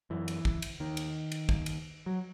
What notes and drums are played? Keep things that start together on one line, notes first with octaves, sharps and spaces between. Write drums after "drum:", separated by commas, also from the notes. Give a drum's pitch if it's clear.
F#2 E3
drum: cymbal
drum: kick
drum: cymbal
D#2 D#3
drum: cymbal
drum: cymbal
D#2, drum: kick
drum: cymbal
F#3